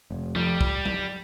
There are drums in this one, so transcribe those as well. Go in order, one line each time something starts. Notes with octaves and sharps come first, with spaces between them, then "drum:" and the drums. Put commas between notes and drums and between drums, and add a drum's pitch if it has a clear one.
F1
F2 G3
drum: kick
drum: tom F#3